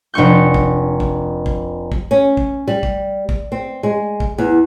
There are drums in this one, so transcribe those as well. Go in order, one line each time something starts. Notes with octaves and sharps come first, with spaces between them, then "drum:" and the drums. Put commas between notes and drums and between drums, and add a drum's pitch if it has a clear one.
F1 D4 C#6 G6
drum: kick
drum: kick
drum: kick
drum: kick
C#4
drum: kick
G3
drum: kick
drum: kick
C4
G#3
drum: kick
E2